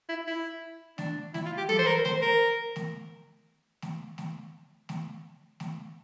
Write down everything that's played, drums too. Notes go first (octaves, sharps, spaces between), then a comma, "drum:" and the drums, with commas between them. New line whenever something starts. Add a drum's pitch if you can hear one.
E4
E4
D4, drum: snare A3
E4, drum: snare A3
F4
G4
A4, drum: tom
C5
A#4
C5, drum: snare A3
A#4
drum: snare A3
drum: snare A3
drum: snare A3
drum: snare A3
drum: snare A3